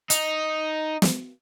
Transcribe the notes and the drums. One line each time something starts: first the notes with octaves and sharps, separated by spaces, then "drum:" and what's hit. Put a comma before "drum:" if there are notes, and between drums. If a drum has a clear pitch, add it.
D#4, drum: hi-hat
drum: snare